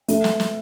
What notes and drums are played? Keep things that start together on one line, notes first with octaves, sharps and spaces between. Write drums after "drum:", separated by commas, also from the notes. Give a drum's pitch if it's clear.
A3, drum: hi-hat
drum: snare
drum: snare